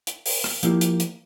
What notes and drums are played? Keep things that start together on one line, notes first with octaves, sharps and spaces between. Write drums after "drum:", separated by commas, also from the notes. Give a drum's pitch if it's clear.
drum: hi-hat
drum: open hi-hat
drum: rim click
F3 A#3 E4 G4, drum: hi-hat
drum: hi-hat
drum: hi-hat